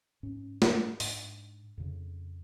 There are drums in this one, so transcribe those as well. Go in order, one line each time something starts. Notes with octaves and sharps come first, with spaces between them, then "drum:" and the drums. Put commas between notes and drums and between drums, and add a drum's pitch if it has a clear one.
G#2 C#4
D4, drum: snare
G#2, drum: open hi-hat
F2 C#3